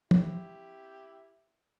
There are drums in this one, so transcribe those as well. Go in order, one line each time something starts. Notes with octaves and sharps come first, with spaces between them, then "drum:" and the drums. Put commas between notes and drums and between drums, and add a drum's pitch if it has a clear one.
E4 G4, drum: tom